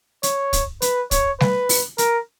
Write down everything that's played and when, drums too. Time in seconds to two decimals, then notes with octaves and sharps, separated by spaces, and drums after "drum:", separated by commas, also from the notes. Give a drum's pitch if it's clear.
0.23 C#5, drum: hi-hat
0.53 drum: kick, hi-hat
0.82 B4, drum: hi-hat
1.11 C#5, drum: kick, hi-hat
1.40 B4, drum: snare G3
1.69 drum: open hi-hat
1.98 A#4, drum: hi-hat